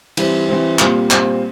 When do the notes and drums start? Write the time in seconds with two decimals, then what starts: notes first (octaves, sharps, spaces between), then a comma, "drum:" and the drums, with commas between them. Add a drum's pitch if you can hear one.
0.17 E3 G3 C4, drum: cymbal
0.48 E3 G3 C4
0.79 A#2 G3 C4 F4 C5, drum: clap
1.11 A#2 G3 C4 F4 C5, drum: clap